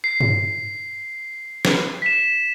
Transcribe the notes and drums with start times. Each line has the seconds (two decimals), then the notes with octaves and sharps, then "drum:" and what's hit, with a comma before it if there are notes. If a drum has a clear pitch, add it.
0.04 C7
0.21 drum: tom
1.65 drum: snare
2.02 B6 E7